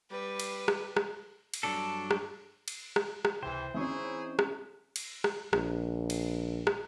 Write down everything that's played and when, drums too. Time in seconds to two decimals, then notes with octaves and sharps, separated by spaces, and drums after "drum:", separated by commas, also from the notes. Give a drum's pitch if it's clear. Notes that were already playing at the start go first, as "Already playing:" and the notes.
0.11 G3 B4
0.39 drum: cymbal
0.68 drum: rim click
0.97 drum: rim click
1.54 drum: cymbal
1.63 G2 F#3 D4 A4
2.11 drum: rim click
2.68 drum: cymbal
2.96 drum: rim click
3.25 drum: rim click
3.43 C#2 C3 E3 C5 G5
3.74 E3 C4 C#4 D#4 E4 G#4 E5 C#6
4.39 drum: rim click
4.96 drum: cymbal
5.24 drum: rim click
5.53 A#1, drum: rim click
6.10 drum: cymbal
6.67 drum: rim click